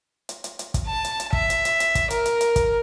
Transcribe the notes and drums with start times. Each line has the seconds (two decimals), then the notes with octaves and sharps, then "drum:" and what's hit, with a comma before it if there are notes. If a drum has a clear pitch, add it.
0.29 drum: hi-hat
0.44 drum: hi-hat
0.59 drum: hi-hat
0.74 drum: kick, hi-hat
0.86 A5
1.04 drum: hi-hat
1.20 drum: hi-hat
1.33 E5, drum: kick
1.50 drum: hi-hat
1.65 drum: hi-hat
1.80 drum: hi-hat
1.95 drum: kick, hi-hat
2.10 A#4, drum: hi-hat
2.26 drum: hi-hat
2.41 drum: hi-hat
2.56 drum: kick, hi-hat